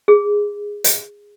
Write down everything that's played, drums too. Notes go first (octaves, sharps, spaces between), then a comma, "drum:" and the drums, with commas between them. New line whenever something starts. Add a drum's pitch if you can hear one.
G#4
drum: hi-hat